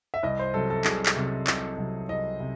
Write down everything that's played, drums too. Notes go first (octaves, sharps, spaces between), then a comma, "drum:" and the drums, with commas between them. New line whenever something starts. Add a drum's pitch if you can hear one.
E5
C2 D#5
C5
C3 F#3 A4
A4
C2 G#4, drum: clap
drum: clap
C3 F#3
C2, drum: clap
C3 F#3
C2 D#5
C3